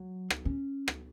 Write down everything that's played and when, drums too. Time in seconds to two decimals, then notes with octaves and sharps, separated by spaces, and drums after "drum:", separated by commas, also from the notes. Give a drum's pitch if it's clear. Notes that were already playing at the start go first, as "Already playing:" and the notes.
Already playing: F#3
0.30 drum: rim click
0.45 C#4
0.88 drum: rim click